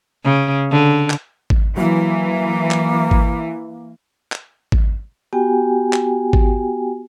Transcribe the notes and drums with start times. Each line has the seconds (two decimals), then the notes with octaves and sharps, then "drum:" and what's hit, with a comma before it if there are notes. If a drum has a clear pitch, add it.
0.24 C#3
0.71 D3
1.10 drum: clap
1.50 drum: kick G#1
1.77 E3 F#3 A#3
2.71 drum: clap
3.11 drum: kick G#1
4.32 drum: clap
4.72 drum: kick G#1
5.33 B3 F#4 G4 G5 G#5
5.93 drum: clap
6.33 drum: kick G#1